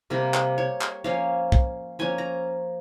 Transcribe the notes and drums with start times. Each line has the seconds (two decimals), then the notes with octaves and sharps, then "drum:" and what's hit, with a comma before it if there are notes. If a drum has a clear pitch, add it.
0.10 C3 G3 A#3 A#4
0.34 drum: clap
0.58 C#5
0.81 drum: clap
1.04 F3 A#3 C#4 F5
1.52 drum: kick
1.99 F3 A#3 C#4 G#5
2.18 A#5